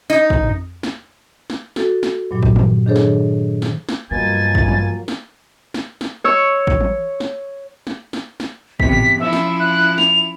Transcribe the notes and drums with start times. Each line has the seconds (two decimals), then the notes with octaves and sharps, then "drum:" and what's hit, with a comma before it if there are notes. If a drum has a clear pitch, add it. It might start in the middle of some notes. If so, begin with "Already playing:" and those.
0.10 D#4
0.30 drum: kick A1
0.44 drum: tom F2
0.83 drum: snare
1.50 drum: snare
1.76 F#4 A4, drum: snare
2.03 drum: snare
2.31 G2 A#2 F#3
2.43 drum: kick A1
2.56 drum: tom
2.86 D#3 D4 G#4 A4 C5 C#5
2.96 drum: snare
3.62 drum: snare
3.89 drum: snare
4.11 G2 B2 F3 F#3 A#3 G#5 A6
4.55 drum: kick A1
4.68 drum: tom E3
5.08 drum: snare
5.74 drum: snare
6.01 drum: snare
6.24 C#5 E6
6.67 drum: kick A1
6.81 drum: tom E3
7.20 drum: snare
7.87 drum: snare
8.13 drum: snare
8.40 drum: snare
8.80 E2 C3 B6, drum: kick A1
8.93 drum: tom
9.20 F3 C#4 E4 E5
9.33 drum: snare
9.60 F#6
9.98 F7, drum: snare